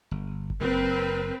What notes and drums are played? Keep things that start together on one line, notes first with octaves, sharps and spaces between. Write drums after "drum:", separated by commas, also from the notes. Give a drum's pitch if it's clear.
G1
drum: kick G1
F#1 C4 A#4 B4